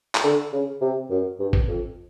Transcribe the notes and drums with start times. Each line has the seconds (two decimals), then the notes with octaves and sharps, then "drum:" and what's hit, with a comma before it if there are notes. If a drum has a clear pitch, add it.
0.15 drum: clap
0.24 D3
0.52 C#3
0.81 C3
1.10 F#2
1.39 G2
1.53 drum: kick G#1
1.68 F2